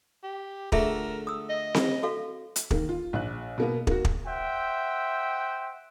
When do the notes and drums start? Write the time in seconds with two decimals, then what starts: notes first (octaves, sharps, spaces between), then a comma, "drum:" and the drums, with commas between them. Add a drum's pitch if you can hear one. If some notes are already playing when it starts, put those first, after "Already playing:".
0.23 G4
0.72 D3 A3 F4 G#4 A#4 E5, drum: kick
1.27 D#6 E6
1.50 D#5
1.74 drum: snare C4
2.03 F#4 A4 F5
2.56 drum: hi-hat
2.71 D#3 A#3, drum: kick
2.89 F4
3.13 A#1 F#6
3.58 B2 A#3 B3
3.87 A#3 F#4, drum: kick
4.05 drum: kick
4.27 C5 E5 F#5 G5